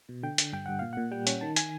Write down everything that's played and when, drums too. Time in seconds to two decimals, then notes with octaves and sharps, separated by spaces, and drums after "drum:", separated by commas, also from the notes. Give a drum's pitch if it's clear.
0.09 B2
0.23 D3 G5
0.38 D3, drum: hi-hat
0.53 G2 G5
0.66 G2 F#5
0.79 A#2 F5
0.93 A#2 F#5
1.11 G3 G5
1.27 C#4, drum: hi-hat
1.41 D#3 A5
1.56 G#5, drum: hi-hat